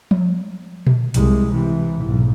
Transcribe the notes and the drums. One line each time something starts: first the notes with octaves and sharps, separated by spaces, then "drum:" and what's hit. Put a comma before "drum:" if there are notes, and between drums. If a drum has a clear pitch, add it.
drum: tom F3
drum: tom A#2
C2 G#3, drum: hi-hat
C3 E3
B1 G#2